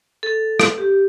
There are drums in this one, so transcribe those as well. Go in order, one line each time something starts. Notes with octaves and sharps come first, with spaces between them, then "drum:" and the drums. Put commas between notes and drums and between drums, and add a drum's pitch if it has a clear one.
A4
drum: rim click
G4